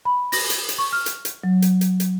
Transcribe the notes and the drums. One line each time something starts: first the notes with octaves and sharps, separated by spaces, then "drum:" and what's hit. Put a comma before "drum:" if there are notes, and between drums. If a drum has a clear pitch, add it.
B5
A#6, drum: open hi-hat
drum: hi-hat
drum: hi-hat
C#6
F6
drum: hi-hat
drum: hi-hat
F#3
drum: hi-hat
drum: hi-hat
drum: hi-hat